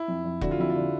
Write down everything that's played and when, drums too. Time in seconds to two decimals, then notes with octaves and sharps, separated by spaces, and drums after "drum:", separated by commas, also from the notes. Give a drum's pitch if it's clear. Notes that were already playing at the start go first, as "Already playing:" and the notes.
Already playing: E4
0.08 F2
0.24 F2
0.41 D3 F#4, drum: kick E1
0.51 F4
0.58 F2 E4
0.70 F4
0.75 D3